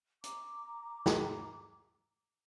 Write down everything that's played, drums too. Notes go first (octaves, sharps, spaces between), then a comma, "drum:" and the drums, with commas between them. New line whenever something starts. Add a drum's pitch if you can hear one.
A#5 D6, drum: hi-hat
drum: snare